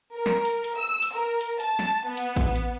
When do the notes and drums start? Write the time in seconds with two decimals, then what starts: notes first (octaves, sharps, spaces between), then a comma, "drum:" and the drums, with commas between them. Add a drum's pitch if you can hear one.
0.14 A#4
0.26 drum: snare
0.45 drum: hi-hat
0.64 drum: hi-hat
0.76 E6
1.02 drum: hi-hat
1.14 A#4
1.41 drum: hi-hat
1.60 A5, drum: hi-hat
1.79 drum: snare
2.05 B3
2.17 drum: hi-hat
2.36 drum: kick A1, hi-hat
2.56 drum: hi-hat